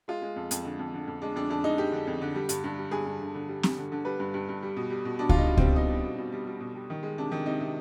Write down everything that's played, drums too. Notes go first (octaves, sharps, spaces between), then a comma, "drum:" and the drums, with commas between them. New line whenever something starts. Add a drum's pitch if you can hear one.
G#3 F4
G#3
F2
F2, drum: hi-hat
D3
F2
D3
F2
G#3 D4
F2 D4
F2 D4
G#3 D#4
G#3 G4
D3
F2
D3
G3
G2, drum: hi-hat
G2
G3
G2 G#4
G2
D3
D3
G3
G3, drum: snare
D3
D3
G3 B4
G2
G2
G2
G3
B2
G3
B2
B2 D4
F4, drum: kick C#2
G3 D#4
B2
G3 C4, drum: kick C#2
B2 D#4
G3
B2
B2
G3
G3
B2
G3
D#3
G#3
C3 D4
D#3
C3 D#4
C3